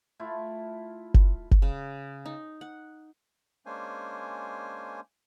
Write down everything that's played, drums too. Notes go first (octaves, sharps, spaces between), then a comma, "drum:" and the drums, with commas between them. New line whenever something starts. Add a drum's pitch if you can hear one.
A3 E4 F4
drum: kick F#1
drum: kick F#1
C#3
D#4
F#5
G#3 A#3 C#4 D4 C5 G#5